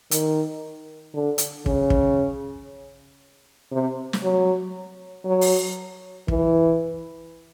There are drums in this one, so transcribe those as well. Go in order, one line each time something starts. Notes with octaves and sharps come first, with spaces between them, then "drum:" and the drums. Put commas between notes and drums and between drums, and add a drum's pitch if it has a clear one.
D#3, drum: hi-hat
D3
drum: hi-hat
C#3, drum: kick
drum: kick
C3
drum: snare
F#3
F#3
drum: open hi-hat
E3, drum: kick